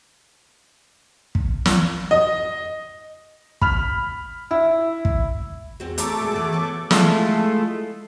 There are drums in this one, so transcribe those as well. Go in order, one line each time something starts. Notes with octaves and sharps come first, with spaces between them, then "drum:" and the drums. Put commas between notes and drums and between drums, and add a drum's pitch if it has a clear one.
drum: kick
drum: snare
D#5
B5 F6, drum: kick
E4
drum: kick
E2 C4 F#4
A3 A4 A#5 D6, drum: hi-hat
A#2 G#3
E3 E4 F#4
B3 B4 C#5
G#3 A3 E4 F4 A4, drum: snare